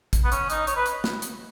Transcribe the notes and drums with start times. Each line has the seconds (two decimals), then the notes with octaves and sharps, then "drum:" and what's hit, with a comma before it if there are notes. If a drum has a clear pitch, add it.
0.13 drum: kick A1, hi-hat
0.24 B3
0.32 C#4, drum: hi-hat
0.50 D#4, drum: hi-hat
0.67 C#5, drum: hi-hat
0.76 B4
0.86 drum: hi-hat
1.04 drum: snare
1.22 drum: hi-hat